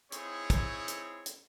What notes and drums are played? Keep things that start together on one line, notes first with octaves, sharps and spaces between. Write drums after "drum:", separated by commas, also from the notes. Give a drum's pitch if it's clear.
C4 D#4 E4 G#4 C#5, drum: hi-hat
drum: kick, hi-hat
drum: hi-hat
drum: hi-hat